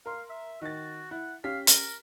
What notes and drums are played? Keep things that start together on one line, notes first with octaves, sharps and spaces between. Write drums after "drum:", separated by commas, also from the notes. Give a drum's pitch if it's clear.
A#4 F5 C6
E5
D#3 F#4 A6
E4 F#5
C#4 G4 F5 B6
A#4, drum: hi-hat